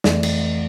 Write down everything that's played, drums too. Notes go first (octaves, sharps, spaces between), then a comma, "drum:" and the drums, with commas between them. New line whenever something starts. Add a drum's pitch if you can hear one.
F2 E3 A3 D5, drum: snare
drum: cymbal